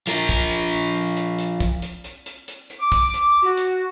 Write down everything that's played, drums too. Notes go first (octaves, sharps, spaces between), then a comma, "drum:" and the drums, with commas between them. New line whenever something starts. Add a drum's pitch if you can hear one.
F3 A#4, drum: hi-hat
drum: kick, hi-hat
drum: hi-hat
drum: hi-hat
drum: hi-hat
drum: hi-hat
drum: hi-hat
drum: kick, hi-hat
drum: hi-hat
drum: hi-hat
drum: hi-hat
drum: hi-hat
drum: hi-hat
D6
drum: kick, hi-hat
drum: hi-hat
F#4
drum: hi-hat